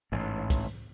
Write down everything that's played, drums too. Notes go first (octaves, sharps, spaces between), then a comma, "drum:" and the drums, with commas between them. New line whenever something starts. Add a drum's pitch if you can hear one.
A1 G#2
drum: kick, hi-hat